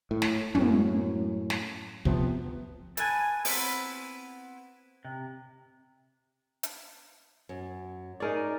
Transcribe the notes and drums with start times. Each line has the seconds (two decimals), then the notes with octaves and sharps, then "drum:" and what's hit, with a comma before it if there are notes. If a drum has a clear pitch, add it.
0.11 A2
0.22 drum: snare
0.55 F#2 A2, drum: tom
1.50 drum: snare
2.05 C3 F3 B3, drum: kick
2.97 A4 B4 G#5, drum: hi-hat
3.45 B3 C4 E4 B4, drum: open hi-hat
5.05 C3
6.63 drum: hi-hat
7.49 F#2
8.20 D#4 G#4 A#4 C#5 D5